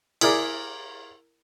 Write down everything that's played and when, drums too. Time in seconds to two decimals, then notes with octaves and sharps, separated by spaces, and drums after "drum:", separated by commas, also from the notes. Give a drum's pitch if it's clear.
0.21 E4 G#4 A#4 D5, drum: cymbal